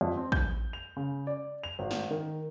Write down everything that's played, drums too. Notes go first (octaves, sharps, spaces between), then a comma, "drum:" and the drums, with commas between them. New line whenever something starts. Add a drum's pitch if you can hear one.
F2
C4
G6, drum: kick
F7
C#3
D5
F7
G#1
drum: snare
D#3